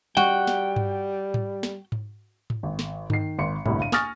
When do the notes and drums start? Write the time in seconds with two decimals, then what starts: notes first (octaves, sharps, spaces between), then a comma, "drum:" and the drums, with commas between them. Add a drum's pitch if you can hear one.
0.17 G3 F#4 G5, drum: tom G3
0.47 drum: snare
0.76 drum: tom G2
1.34 drum: tom G#2
1.63 drum: snare
1.92 drum: tom G#2
2.50 drum: tom G#2
2.63 G#1
2.79 drum: snare
3.10 D#3 C7, drum: tom G2
3.38 G#1 C6 C#7
3.66 G1 C2 A2, drum: tom G#2
3.79 F5 D#7
3.92 G#5 C#6 D#6 F6 A6 A#6, drum: snare